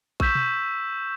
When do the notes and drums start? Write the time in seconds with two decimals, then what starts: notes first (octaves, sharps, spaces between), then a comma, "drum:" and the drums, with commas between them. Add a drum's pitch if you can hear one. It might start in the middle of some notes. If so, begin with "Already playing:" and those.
0.20 C#6 E6 G6 B6 E7, drum: kick A#1
0.35 drum: tom B2